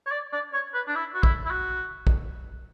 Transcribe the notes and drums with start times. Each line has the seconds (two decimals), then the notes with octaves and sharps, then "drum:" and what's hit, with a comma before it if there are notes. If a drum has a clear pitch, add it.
0.06 C#5
0.11 D5
0.33 D5
0.53 C#5
0.74 B4
0.87 D4
0.95 E4
1.14 F#4
1.23 E4, drum: kick A#1
1.46 E4
1.51 F#4
2.07 drum: kick A#1